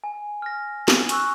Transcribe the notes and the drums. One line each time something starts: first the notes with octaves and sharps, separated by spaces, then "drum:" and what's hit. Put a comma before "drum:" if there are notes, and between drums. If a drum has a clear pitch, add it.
G#5
F6 A#6
drum: snare
G#5 C#6 E6 F#6, drum: hi-hat